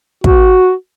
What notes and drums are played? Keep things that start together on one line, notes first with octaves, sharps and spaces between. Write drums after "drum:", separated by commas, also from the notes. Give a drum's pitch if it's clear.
F#4, drum: kick